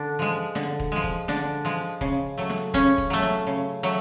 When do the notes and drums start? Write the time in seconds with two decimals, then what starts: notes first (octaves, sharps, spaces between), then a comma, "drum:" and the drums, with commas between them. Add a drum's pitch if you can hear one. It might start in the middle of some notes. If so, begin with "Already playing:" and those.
Already playing: D3 D4
0.19 F3 G#3
0.55 D3, drum: snare
0.80 drum: kick E1
0.92 F3 G#3
1.04 drum: kick E1
1.28 D3 D4, drum: snare
1.65 F3 G#3
2.01 C#3, drum: kick E1
2.38 F#3 A3
2.50 drum: snare
2.74 C#3 C#4, drum: kick E1
2.98 drum: kick E1
3.10 F#3 A3
3.22 drum: snare
3.47 C#3
3.83 F#3 A3